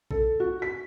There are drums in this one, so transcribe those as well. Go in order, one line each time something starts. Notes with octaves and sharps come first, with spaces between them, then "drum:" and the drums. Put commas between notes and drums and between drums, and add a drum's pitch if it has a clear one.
A4, drum: kick A#1
F#4
B6